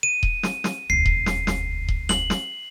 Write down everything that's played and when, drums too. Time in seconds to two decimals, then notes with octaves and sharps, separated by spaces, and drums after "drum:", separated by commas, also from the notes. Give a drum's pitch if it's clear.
0.03 D#7
0.23 drum: kick D#1
0.43 drum: snare
0.64 drum: snare
0.90 E1 D2 C7
1.06 drum: kick D#1
1.26 drum: snare
1.47 drum: snare
1.88 drum: kick D#1
2.09 F#7, drum: snare
2.30 drum: snare